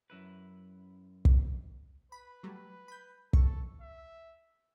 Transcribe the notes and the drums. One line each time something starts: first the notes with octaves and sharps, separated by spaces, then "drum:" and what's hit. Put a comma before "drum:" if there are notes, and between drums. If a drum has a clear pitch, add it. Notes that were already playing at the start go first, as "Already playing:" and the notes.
F#2 E4 B4
drum: kick
B4 B5
F#3 G3 A3
B5 G6
A4 C#6, drum: kick
E5